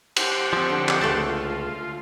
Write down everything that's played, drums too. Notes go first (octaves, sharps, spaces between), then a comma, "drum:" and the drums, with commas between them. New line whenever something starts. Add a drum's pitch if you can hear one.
G4 C5 F#5, drum: cymbal
F3 C4
D3
drum: clap
C#2 A3 A4 A5
F4